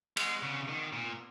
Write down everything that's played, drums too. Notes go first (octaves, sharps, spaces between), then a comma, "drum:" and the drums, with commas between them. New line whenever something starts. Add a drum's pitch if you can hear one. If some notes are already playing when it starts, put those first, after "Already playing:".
G#3, drum: cymbal
C#3
D#3
A#2